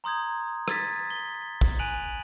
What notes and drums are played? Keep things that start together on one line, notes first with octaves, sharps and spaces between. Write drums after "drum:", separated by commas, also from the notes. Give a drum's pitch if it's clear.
A#5 C6 D#6 G6 G#6
D#6 G#6 A6 B6, drum: rim click
G7
drum: kick
G#5 F#6 D7 D#7 F7 F#7